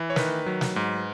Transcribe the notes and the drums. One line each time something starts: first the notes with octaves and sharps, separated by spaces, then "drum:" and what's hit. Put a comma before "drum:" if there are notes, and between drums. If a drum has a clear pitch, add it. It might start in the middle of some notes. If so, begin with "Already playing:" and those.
Already playing: E3
C#5
D#3 B4, drum: snare
F#3
drum: snare
G#2